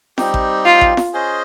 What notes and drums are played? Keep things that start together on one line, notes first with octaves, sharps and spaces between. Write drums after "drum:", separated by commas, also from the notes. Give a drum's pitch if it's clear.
G3 C4 D#4 G4, drum: snare
drum: kick A1
F4
drum: kick A1
drum: snare
C#4 G#4 C5 D#5